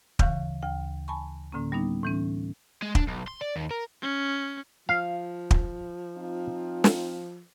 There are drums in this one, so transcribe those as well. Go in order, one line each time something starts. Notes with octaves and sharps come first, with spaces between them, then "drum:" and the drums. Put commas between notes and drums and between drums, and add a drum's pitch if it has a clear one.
D2 C#3 E3 F5 C#6 F#6, drum: kick
D2 G5
G#5 A5 B5 C#6
A2 D3 A#3 C#4
G3 B3 D4 D#4
A2 E3 C#4
G#3
D4, drum: kick
B1
C6
D5
D#2
A#4
C#4
F3 F5
drum: kick
C4 D#4 F4
drum: snare